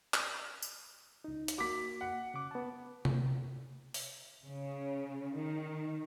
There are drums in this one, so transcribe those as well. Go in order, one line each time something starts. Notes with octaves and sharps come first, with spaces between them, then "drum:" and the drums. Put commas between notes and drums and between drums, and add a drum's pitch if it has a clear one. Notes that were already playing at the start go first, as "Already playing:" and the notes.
drum: clap
drum: tambourine
C#2 D#4
drum: hi-hat
A#3 F#4 D6 B6
F#5
C#3 D6
B3 A5
drum: tom C3
drum: open hi-hat
C#3
D#3